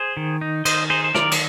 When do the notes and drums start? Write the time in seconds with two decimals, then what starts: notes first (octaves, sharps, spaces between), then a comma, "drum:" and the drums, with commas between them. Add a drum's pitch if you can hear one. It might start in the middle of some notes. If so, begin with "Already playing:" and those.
Already playing: G#4 C5
0.17 D#3
0.41 D#4
0.65 D#3 C5 D#5, drum: cymbal
0.90 D#4 G#4 C5
1.04 C5
1.15 D#3 A#4 D5, drum: rim click
1.31 drum: cymbal